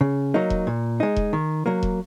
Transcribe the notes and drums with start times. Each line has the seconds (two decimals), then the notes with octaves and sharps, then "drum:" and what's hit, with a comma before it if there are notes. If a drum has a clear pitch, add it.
0.01 C#3
0.34 F#3 A#3 D#4
0.50 drum: kick E1
0.67 A#2
1.00 G#3 D#4
1.16 drum: kick E1
1.33 D#3
1.66 F#3 A#3
1.83 drum: kick E1